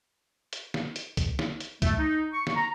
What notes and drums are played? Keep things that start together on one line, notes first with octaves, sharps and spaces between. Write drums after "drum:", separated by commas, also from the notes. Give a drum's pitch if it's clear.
drum: hi-hat
drum: snare
drum: hi-hat
drum: kick, hi-hat
drum: snare
drum: hi-hat
A3, drum: kick, hi-hat
D#4
C#6
drum: snare
A#5